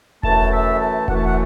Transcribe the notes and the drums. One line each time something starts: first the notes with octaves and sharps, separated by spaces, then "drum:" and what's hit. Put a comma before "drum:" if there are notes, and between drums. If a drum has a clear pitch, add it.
F#2 E3 A3 A5, drum: kick E1
E5
A5
F#2 E3 A3 F#5, drum: kick E1
A5
F#5